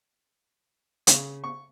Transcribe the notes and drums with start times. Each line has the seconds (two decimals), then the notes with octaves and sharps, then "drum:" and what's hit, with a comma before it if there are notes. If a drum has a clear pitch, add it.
1.07 C#3, drum: hi-hat
1.44 C#6